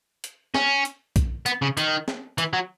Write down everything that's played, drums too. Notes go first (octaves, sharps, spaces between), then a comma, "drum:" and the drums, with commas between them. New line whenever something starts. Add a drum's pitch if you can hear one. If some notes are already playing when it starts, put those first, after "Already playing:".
drum: hi-hat
C#4, drum: snare
drum: hi-hat
drum: kick, hi-hat
B3, drum: hi-hat
C#3
D#3, drum: hi-hat
drum: snare
E3, drum: hi-hat
F#3